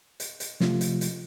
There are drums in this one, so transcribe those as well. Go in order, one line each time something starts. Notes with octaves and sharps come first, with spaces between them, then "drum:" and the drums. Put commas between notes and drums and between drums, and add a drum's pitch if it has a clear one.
drum: hi-hat
drum: hi-hat
C3 F3 A3 F4, drum: snare
drum: hi-hat
drum: hi-hat